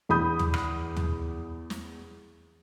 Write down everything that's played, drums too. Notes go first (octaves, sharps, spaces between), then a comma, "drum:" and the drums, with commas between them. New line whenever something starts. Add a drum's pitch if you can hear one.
E2 B5 D#6 G6
drum: tom
drum: rim click
drum: tom
drum: snare